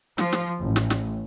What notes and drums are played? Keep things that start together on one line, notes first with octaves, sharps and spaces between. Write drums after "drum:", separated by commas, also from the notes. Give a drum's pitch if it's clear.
F3, drum: snare
drum: snare
A1
drum: snare
drum: snare